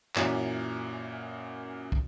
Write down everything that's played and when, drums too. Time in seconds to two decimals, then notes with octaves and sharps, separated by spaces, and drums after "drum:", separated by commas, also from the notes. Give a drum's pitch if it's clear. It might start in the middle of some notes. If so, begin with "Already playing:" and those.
0.16 F#2 A#2 E3 C#4 F#4, drum: clap
1.92 drum: kick